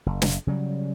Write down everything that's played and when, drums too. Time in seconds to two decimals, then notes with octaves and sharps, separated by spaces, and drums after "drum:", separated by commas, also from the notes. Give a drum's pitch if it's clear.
0.06 F#1
0.22 drum: snare
0.47 C#3 F#3 G3